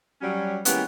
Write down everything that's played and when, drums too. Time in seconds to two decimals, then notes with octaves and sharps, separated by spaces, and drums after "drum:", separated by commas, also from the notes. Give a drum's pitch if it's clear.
0.22 F#3 G3 C#4
0.65 E3 G#3 A#3 B3 C#4 G4, drum: hi-hat